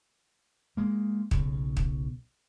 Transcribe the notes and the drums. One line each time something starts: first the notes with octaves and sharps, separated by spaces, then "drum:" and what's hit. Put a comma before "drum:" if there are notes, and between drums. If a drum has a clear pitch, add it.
G#3 A#3
B1 C#3, drum: kick
drum: kick